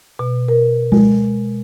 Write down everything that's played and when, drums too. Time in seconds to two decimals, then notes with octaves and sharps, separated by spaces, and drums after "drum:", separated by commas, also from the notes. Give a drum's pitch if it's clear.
0.19 B2
0.48 A#4
0.92 G#3, drum: tom G#3